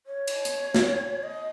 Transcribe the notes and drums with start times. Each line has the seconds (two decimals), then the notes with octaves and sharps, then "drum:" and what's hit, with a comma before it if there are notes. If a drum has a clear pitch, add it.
0.06 C#5
0.28 drum: cymbal
0.45 drum: hi-hat
0.74 drum: snare
1.23 D#5